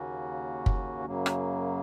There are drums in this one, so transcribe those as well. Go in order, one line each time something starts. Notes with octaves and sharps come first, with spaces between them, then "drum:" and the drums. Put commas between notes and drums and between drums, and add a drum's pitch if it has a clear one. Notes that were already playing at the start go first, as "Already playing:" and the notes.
Already playing: D#2 C#3 A#3 C#4 F#4
drum: kick
F#2 C#3 F#3 A#3
drum: rim click